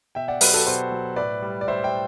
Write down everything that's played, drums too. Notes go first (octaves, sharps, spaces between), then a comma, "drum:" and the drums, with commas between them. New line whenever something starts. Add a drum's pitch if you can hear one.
B2 E5 G5
D5 F#5
F#3 G4 B4, drum: open hi-hat
F#4 A4
B2 A4 C5
F#3
A2 B4 D5
G3
D5
A2 C5 E5
E5 G5